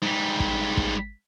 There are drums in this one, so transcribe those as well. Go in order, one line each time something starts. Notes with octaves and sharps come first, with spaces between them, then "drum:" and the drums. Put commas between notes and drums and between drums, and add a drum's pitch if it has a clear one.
G#2 G3
drum: kick
drum: kick